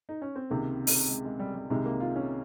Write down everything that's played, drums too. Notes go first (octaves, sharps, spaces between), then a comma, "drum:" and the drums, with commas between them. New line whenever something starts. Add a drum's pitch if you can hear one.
D#4
C#4
C4
C#2 C3 D#3 A#3
drum: open hi-hat
G#3
G#3
G3
G3
C2 C3 D#3 G#3
A#3
F4
C#4